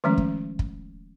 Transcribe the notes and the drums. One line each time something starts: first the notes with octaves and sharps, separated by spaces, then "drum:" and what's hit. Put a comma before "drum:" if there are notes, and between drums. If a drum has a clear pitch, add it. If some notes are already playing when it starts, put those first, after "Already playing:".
D#3 F3 G#3 A3 C#4
drum: kick
drum: kick